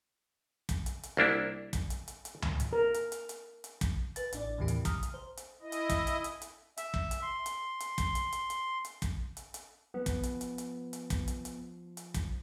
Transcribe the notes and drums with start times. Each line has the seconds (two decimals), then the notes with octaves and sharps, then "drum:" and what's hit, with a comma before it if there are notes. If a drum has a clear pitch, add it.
0.69 drum: kick, hi-hat
0.86 drum: hi-hat
1.03 drum: hi-hat
1.17 C2 A#3 D4 E4
1.73 drum: kick, hi-hat
1.90 drum: hi-hat
2.08 drum: hi-hat
2.25 drum: hi-hat
2.42 drum: tom C#2
2.60 drum: hi-hat
2.73 A#4
2.94 drum: hi-hat
3.12 drum: hi-hat
3.29 drum: hi-hat
3.64 drum: hi-hat
3.81 drum: kick, hi-hat
4.16 B4 A6, drum: hi-hat
4.33 A1 D4 D5, drum: hi-hat
4.58 D#2 A2 C3 E3 G4
4.68 drum: hi-hat
4.85 A#5 D#6 F6, drum: kick, hi-hat
5.03 drum: hi-hat
5.14 C5
5.37 drum: hi-hat
5.62 E4 D#5
5.72 drum: hi-hat
5.89 drum: kick, hi-hat
6.07 drum: hi-hat
6.24 drum: hi-hat
6.42 drum: hi-hat
6.77 E5, drum: hi-hat
6.94 drum: kick
7.11 drum: hi-hat
7.22 C6
7.46 drum: hi-hat
7.80 drum: hi-hat
7.98 drum: kick, hi-hat
8.15 drum: hi-hat
8.32 drum: hi-hat
8.50 drum: hi-hat
8.85 drum: hi-hat
9.02 drum: kick, hi-hat
9.37 drum: hi-hat
9.54 drum: hi-hat
9.94 F3 B3
10.06 drum: kick, hi-hat
10.23 drum: hi-hat
10.41 drum: hi-hat
10.58 drum: hi-hat
10.93 drum: hi-hat
11.10 drum: kick, hi-hat
11.28 drum: hi-hat
11.45 drum: hi-hat
11.97 drum: hi-hat
12.14 drum: kick, hi-hat